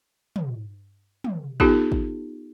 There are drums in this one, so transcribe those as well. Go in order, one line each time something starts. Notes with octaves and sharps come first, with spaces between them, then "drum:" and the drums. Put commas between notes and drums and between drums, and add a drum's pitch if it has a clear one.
drum: tom
drum: tom
B3 D#4 F4 G4 A4, drum: kick G#1
drum: kick G#1